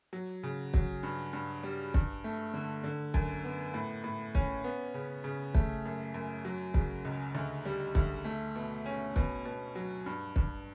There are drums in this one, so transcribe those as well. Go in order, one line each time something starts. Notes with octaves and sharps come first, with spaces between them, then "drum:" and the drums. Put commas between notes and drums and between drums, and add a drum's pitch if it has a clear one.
F#3
C#3
F#3, drum: kick
G2
G2
G3
G2, drum: kick
A3
D3
D3
F#2, drum: kick
B3
A2
A2
C#4, drum: kick
B3
C#3
C#3
A3, drum: kick
F#2
F#2
F#3
C#3, drum: kick
C#2
D2
G3
D2, drum: kick
A3
B2
C#4
B2, drum: kick
B2
F#3
G2
G2, drum: kick